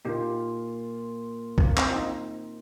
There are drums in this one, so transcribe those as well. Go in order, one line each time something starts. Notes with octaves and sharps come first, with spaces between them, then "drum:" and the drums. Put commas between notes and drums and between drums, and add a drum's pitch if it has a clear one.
A#2 A#3 D#4 F4 G4
A#3, drum: kick C#2
C4, drum: clap
F4
D#4